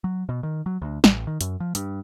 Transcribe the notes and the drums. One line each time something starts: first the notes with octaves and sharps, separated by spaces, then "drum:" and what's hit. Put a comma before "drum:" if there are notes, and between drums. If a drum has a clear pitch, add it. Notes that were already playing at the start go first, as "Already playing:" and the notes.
F#3
B2
D#3
F#3
D2
A1, drum: snare
D#3
F#2, drum: hi-hat
F3
G2, drum: hi-hat